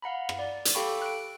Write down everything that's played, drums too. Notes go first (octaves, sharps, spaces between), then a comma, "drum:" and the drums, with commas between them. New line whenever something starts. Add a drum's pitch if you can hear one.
F5 F#5 A#5 B5
drum: rim click
D5
drum: hi-hat
G4 A4 F5 G5 B5 C#6
F#6 D7